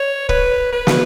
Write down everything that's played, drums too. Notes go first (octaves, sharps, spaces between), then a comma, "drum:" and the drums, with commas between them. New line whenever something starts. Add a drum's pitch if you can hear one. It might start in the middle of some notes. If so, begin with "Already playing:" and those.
Already playing: C#5
B4, drum: kick
B4
drum: snare